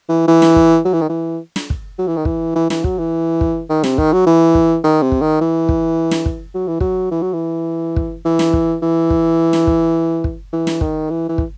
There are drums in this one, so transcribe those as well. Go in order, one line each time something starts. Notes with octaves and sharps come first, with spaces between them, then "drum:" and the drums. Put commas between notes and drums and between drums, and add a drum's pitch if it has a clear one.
E3
E3
drum: snare
drum: kick
F#3
E3
D#3
E3
drum: snare
drum: kick
F#3
E3
D#3
E3, drum: kick
E3
E3, drum: snare
F#3, drum: kick
E3
drum: kick
D#3
C3, drum: snare
D#3, drum: kick
F#3
E3
drum: kick
D#3
C3
drum: kick
D#3
E3
drum: kick
drum: snare
drum: kick
F#3
E3
F#3, drum: kick
E3
F#3
E3
drum: kick
E3
drum: snare
drum: kick
E3
drum: kick
drum: snare
drum: kick
drum: kick
E3
drum: snare
D#3, drum: kick
E3
E3
drum: kick